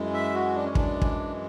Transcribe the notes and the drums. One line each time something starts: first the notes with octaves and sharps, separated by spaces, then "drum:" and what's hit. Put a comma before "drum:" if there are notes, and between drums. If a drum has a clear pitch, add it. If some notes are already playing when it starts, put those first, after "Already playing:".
Already playing: F#2 E3 G#3
E5
F#4
D4
C#4
D4, drum: kick
drum: kick